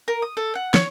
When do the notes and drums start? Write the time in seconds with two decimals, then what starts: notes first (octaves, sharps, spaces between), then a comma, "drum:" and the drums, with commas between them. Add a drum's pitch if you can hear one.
0.08 A#4
0.22 D#6
0.37 A4
0.55 F#5
0.74 C#5, drum: snare